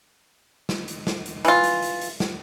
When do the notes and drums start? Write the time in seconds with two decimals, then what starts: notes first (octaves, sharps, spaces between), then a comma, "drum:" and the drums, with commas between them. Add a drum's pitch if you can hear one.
0.69 drum: snare
0.88 drum: hi-hat
1.07 drum: snare
1.26 drum: hi-hat
1.45 E3 F4, drum: hi-hat
1.64 drum: hi-hat
1.82 drum: hi-hat
2.01 drum: hi-hat
2.20 drum: snare